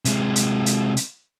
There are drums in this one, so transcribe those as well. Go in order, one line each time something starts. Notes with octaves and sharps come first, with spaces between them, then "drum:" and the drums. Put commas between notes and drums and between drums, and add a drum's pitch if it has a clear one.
C3 G#3, drum: hi-hat
drum: hi-hat
drum: hi-hat
drum: hi-hat